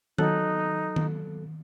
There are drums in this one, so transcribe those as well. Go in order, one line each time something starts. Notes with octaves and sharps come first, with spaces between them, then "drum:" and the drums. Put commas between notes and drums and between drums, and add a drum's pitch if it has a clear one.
F#3 D#4 A4 F#6, drum: tom D#3
drum: tom D#3